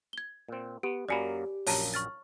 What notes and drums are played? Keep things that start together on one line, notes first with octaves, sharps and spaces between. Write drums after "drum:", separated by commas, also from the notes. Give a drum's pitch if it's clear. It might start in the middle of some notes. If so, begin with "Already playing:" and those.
G#6 G7
A#2 C4
B3 G4
F#2 F#3 A#3 G4 D5 G#5 B5
A#1 F#2 A#2 C#5 A5 A#5, drum: open hi-hat
C#6 F6 A6